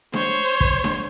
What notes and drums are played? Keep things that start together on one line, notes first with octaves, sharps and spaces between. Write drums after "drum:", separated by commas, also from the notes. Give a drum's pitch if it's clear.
C5 C#5, drum: snare D4
drum: kick
drum: snare D4